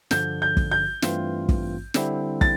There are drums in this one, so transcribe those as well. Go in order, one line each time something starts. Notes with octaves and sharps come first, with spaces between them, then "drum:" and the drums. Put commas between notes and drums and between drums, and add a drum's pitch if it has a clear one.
G2 D3 F3 G6, drum: snare
G6
drum: kick
G6
G2 E3 A3 C4 F4, drum: snare
drum: kick
D3 G3 C4 E4, drum: snare
A6, drum: kick